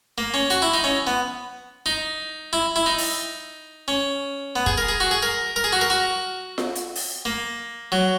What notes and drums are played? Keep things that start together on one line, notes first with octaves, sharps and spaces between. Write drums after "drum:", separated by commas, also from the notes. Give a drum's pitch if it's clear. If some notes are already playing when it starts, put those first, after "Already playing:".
A#3
C#4
F#4, drum: hi-hat
E4
D#4
C#4
B3
D#4
E4
E4
D#4
drum: open hi-hat
C#4
B3
G#4, drum: kick
A#4
G#4
F#4
G#4
A#4
A#4
G#4
F#4
A#4
F#4
drum: snare F4
drum: hi-hat
drum: open hi-hat
A#3
F#3